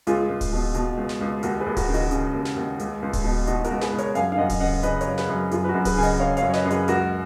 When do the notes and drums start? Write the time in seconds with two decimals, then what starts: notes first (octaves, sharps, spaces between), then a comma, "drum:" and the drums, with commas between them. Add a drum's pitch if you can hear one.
0.07 C#2 F4 G#4, drum: hi-hat
0.29 C#2
0.41 drum: kick D1, open hi-hat
0.52 B2
0.74 B2, drum: hi-hat
0.97 C#2
1.09 drum: snare
1.21 C#2
1.43 D#2 F#4 A#4, drum: hi-hat
1.60 G#4 B4
1.66 D#2
1.77 F#4 A#4, drum: kick D1, open hi-hat
1.88 C#3
1.94 D#4 F#4, drum: hi-hat
2.11 C#3, drum: hi-hat
2.34 D#2
2.45 drum: snare
2.57 D#2
2.79 C#2, drum: hi-hat
3.02 C#2
3.13 drum: kick D1, open hi-hat
3.24 B2
3.47 B2 D#4 F#4, drum: hi-hat
3.64 F#4 A#4, drum: hi-hat
3.70 C#2
3.81 G#4 B4, drum: snare
3.93 C#2
3.98 A#4 C#5, drum: hi-hat
4.15 F#2 F5 G#5, drum: hi-hat
4.32 F5, drum: tom D4
4.38 F#2 D#5 F#5
4.50 drum: kick D1, open hi-hat
4.60 C#3 D#5 F#5
4.83 C#3 B4 D#5, drum: hi-hat
5.01 A#4 C#5, drum: hi-hat
5.07 F#2
5.18 G#4 B4, drum: snare
5.29 F#2
5.51 F#2 F4 G#4, drum: hi-hat
5.64 B4
5.68 F#4 A#4
5.74 F#2
5.85 G#4 B4, drum: kick D1, open hi-hat
5.97 C#3 G#5
6.03 D#5 F#5, drum: hi-hat
6.19 C#3 C#5 F5
6.37 C#5 F5, drum: hi-hat
6.42 F#2
6.50 C#5
6.53 B4 D#5, drum: snare
6.65 F#2
6.70 G#4 B4, drum: hi-hat
6.88 C#2 F#4 A#4, drum: hi-hat